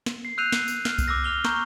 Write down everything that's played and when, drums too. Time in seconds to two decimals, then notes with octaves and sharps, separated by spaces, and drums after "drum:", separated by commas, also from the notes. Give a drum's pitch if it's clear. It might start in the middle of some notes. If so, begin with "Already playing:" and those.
0.06 drum: snare
0.25 C7
0.38 E6 F#6 G6 C7 D#7 F7
0.52 drum: snare
0.68 drum: tambourine
0.85 F6, drum: snare
0.98 drum: kick B1, tambourine
1.08 D6 E6 A#6
1.24 D6 F6 F7 G7
1.45 A#5 C#6 G6, drum: snare